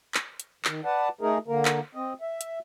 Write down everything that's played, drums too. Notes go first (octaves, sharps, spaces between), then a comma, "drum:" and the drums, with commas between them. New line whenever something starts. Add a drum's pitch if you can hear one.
drum: clap
drum: hi-hat
D#3, drum: clap
B4 D5 F#5 A5
A3 D#4 G#4 A#4
D3 A#3 A#4
drum: clap
C4 D#5
E5
drum: hi-hat